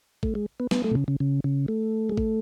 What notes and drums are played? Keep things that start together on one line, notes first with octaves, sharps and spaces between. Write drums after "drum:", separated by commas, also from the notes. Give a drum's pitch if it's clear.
A3, drum: kick A1
G#3
B3
B3, drum: snare
A3
B2
C#3
C#3
C#3
C#3
A3
G#3
A3, drum: kick A1